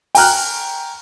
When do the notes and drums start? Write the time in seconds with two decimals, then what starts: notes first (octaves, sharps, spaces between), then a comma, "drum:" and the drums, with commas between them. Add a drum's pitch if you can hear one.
0.15 G5 G#5 A#5 F6 F#6, drum: open hi-hat